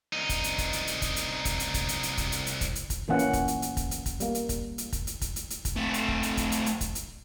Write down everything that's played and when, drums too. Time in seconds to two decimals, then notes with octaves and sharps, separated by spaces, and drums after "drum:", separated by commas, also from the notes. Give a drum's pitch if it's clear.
0.13 C2 D#4
0.29 drum: kick, hi-hat
0.44 drum: hi-hat
0.58 drum: kick, hi-hat
0.73 drum: hi-hat
0.87 drum: hi-hat
1.02 drum: kick, hi-hat
1.16 drum: hi-hat
1.45 drum: kick, hi-hat
1.60 drum: hi-hat
1.74 drum: kick, hi-hat
1.89 drum: hi-hat
2.03 drum: hi-hat
2.18 drum: kick, hi-hat
2.32 drum: hi-hat
2.46 drum: hi-hat
2.61 drum: kick, hi-hat
2.75 drum: hi-hat
2.90 drum: kick, hi-hat
3.08 A#2 E3 A#3 C#4 F#5
3.19 drum: hi-hat
3.33 drum: kick, hi-hat
3.48 drum: hi-hat
3.62 drum: hi-hat
3.77 drum: kick, hi-hat
3.91 drum: hi-hat
4.06 drum: kick, hi-hat
4.20 G3 A#3, drum: hi-hat
4.35 drum: hi-hat
4.49 drum: kick, hi-hat
4.78 drum: hi-hat
4.93 drum: kick, hi-hat
5.07 drum: hi-hat
5.21 drum: kick, hi-hat
5.36 drum: hi-hat
5.50 drum: hi-hat
5.65 drum: kick, hi-hat
5.76 A3 C4
5.94 drum: hi-hat
6.08 drum: kick
6.23 drum: hi-hat
6.37 drum: kick, hi-hat
6.52 drum: hi-hat
6.66 drum: hi-hat
6.81 drum: kick, hi-hat
6.95 drum: hi-hat